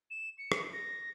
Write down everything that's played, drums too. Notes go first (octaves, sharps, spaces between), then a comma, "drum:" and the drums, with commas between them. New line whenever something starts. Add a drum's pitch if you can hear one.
E7
C#7
drum: rim click
A#6